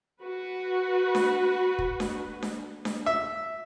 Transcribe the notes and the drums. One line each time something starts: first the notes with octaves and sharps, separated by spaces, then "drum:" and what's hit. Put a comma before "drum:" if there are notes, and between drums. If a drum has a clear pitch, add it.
F#4 B4
drum: snare D4
drum: kick
drum: snare D4
drum: snare D4
drum: snare D4
E5